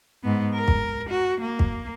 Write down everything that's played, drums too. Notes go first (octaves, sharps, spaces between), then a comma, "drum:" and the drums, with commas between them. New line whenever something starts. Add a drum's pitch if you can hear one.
G#2 B3
A#4
drum: kick
F#4
A#3
drum: kick